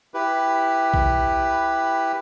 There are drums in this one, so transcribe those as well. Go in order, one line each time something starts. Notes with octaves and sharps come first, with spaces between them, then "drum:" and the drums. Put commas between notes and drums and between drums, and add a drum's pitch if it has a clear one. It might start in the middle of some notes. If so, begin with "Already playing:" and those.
E4 G4 B4
drum: kick A#1